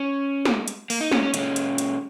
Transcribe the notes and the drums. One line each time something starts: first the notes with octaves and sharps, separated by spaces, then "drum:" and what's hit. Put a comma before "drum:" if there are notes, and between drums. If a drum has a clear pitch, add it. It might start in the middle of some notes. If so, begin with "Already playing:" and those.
Already playing: C#4
drum: snare
drum: hi-hat
A#3, drum: open hi-hat
D#4
C#4, drum: snare
C#4
A#2 G#3 C#4, drum: hi-hat
drum: hi-hat
drum: hi-hat